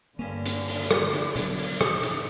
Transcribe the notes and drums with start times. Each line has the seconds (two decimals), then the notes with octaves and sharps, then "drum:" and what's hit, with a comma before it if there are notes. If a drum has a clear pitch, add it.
0.19 G2 D3 A#3 C#4
0.46 drum: hi-hat
0.68 drum: open hi-hat
0.91 drum: rim click
1.13 drum: hi-hat
1.36 B2 F#3 D5, drum: hi-hat
1.58 drum: open hi-hat
1.81 drum: rim click
2.03 drum: hi-hat